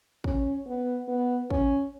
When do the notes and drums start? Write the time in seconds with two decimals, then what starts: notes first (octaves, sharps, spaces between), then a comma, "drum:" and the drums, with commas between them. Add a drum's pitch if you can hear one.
0.24 C#4, drum: kick
0.66 B3
1.08 B3
1.50 C#4, drum: kick